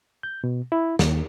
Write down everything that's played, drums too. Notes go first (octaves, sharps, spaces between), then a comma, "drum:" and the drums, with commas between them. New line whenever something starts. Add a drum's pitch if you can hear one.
G6
B2
E4
D#2, drum: snare